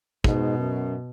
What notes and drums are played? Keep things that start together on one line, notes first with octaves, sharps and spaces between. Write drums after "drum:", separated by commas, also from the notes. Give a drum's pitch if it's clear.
G#2 B2, drum: kick
F#2